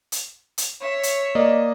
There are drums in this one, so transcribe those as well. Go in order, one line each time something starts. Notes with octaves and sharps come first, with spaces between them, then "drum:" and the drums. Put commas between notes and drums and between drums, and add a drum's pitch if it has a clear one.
drum: hi-hat
drum: hi-hat
C#5 E5
drum: hi-hat
A#3 D5 D#5